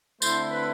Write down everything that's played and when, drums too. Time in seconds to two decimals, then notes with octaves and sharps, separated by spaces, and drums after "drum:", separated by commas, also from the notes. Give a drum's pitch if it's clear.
0.22 D3 A3 C4 E4 C5, drum: tambourine
0.51 B4